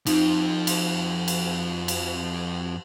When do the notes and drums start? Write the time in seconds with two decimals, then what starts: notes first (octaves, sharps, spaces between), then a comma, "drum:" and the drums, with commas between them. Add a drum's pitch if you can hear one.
0.07 F2 F3 D#4, drum: cymbal
0.67 drum: cymbal
1.28 drum: cymbal
1.88 drum: cymbal